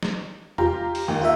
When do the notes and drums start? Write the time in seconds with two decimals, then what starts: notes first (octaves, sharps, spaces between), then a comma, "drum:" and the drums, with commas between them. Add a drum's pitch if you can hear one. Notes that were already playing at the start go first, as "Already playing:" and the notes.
0.03 drum: snare
0.58 F4 G4 A#5, drum: tom E2
0.95 drum: open hi-hat
1.08 D#2
1.21 F4 A#4 E5